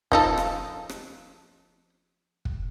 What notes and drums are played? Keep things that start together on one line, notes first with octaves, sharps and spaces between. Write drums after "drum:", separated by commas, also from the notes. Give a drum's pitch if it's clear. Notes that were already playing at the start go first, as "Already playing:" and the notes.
F3 D#4 A4, drum: kick
drum: rim click
drum: rim click
drum: kick